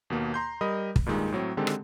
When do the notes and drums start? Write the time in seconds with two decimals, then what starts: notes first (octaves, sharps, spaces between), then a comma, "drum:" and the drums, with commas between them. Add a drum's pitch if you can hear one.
0.10 D#2 B2 A#3
0.34 A#5 C6 G6
0.61 G3 A#4 D#5 B5 D#6
0.96 drum: kick
1.06 G2 A#2 D#3 G#3 D#4
1.32 A2 F#3 C4
1.57 D3 D#3 G#3 C4 G4 A4
1.67 drum: rim click